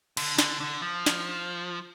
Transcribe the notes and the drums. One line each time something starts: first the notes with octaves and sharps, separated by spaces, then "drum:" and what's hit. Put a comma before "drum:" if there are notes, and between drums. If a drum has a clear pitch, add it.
D3, drum: cymbal
D3, drum: snare
D3
F3
drum: snare